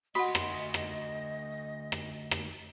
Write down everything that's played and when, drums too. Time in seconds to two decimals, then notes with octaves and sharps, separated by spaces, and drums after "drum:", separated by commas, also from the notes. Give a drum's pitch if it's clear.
0.15 D2 F#4 D#5 F#5 B5 C6
0.35 drum: rim click
0.74 drum: rim click
1.92 drum: rim click
2.31 drum: rim click